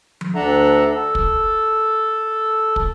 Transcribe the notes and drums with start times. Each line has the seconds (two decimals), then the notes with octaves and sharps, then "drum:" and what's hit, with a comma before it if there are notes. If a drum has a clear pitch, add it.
0.21 drum: tom F3
0.35 D2 D4 A4 E5 F#5 A#5
0.88 A4
1.15 drum: kick
2.76 drum: kick